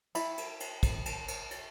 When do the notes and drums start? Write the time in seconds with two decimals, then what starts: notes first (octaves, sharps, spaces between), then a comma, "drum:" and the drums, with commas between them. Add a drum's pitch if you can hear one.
0.15 E4 B5, drum: cymbal
0.38 drum: cymbal
0.60 drum: cymbal
0.83 drum: kick, cymbal
1.05 drum: cymbal
1.28 drum: cymbal
1.51 drum: cymbal